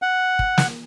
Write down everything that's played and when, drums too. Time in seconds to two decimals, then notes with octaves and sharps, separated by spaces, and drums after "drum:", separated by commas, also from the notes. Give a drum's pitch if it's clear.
0.02 F#5
0.39 drum: kick
0.58 drum: snare